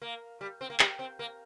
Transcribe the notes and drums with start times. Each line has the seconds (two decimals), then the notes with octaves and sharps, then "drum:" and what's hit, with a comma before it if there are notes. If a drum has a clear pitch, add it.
0.02 A#3
0.41 G3
0.61 C4
0.70 A#3
0.80 G3, drum: clap
0.99 C4
1.19 A#3